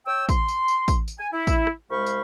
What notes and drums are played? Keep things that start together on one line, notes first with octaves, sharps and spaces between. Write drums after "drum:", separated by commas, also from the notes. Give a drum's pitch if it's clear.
C#5 G5 E6
C6, drum: kick, tambourine
drum: tambourine
drum: tambourine
drum: kick, tambourine
drum: tambourine
G#5
E4
drum: kick, tambourine
drum: rim click
C2 G#3 C5 F5 B5 C#6
drum: tambourine